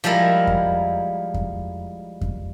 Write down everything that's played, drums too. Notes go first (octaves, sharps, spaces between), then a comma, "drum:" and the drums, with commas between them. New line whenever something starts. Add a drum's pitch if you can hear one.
F3 G3 G#3 E4 A#4
drum: kick F2
drum: kick F2
drum: kick F2